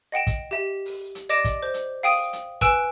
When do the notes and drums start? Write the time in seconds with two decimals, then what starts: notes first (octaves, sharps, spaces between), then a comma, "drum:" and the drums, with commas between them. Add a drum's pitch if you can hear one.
0.12 D#5 F#5 G5 E7
0.27 drum: kick, hi-hat
0.51 G4 E5
0.86 drum: open hi-hat
1.15 drum: hi-hat
1.29 D5 D#5 D6 A#6 D7 E7
1.44 drum: kick, hi-hat
1.63 C5
1.74 drum: hi-hat
2.03 F5 G5 D#6 D#7, drum: open hi-hat
2.33 drum: hi-hat
2.61 B4 G#5 E6 F#6 D7 E7, drum: kick, hi-hat